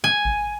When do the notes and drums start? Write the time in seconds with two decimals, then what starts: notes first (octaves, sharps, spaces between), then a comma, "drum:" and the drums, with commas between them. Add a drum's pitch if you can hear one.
0.04 G#5
0.25 drum: kick G#1